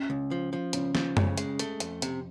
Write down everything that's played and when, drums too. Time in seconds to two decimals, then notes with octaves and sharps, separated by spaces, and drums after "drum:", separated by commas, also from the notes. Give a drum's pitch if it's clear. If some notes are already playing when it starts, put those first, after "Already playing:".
Already playing: C#4
0.10 C#2
0.31 F3
0.53 F3
0.73 C#2 C#4, drum: hi-hat
0.95 F3, drum: snare
1.17 C#3, drum: tom F#2
1.38 G#3, drum: hi-hat
1.59 A3, drum: hi-hat
1.80 F2, drum: hi-hat
2.02 C3, drum: hi-hat